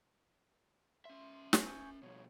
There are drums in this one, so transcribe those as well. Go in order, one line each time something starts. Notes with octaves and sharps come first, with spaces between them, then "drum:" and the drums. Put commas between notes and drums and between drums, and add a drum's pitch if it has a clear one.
C#4 E5 C6
G#5 C#6 G6, drum: snare
B2 F3 C#5